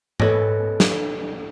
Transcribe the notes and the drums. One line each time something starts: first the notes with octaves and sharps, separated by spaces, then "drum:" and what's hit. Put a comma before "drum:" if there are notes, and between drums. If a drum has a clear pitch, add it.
A4 B4 C#5 D#5, drum: tom G#2
drum: snare